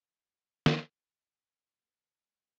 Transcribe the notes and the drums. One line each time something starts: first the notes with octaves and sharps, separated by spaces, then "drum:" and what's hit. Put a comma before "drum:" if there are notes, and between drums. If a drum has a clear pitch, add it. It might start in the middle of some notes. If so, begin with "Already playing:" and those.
drum: snare
A2
F#2
G#4
F#2 A#3 G4 A4 B4 F#5
D2 D#3 F#3 B3 D5 A5
G#3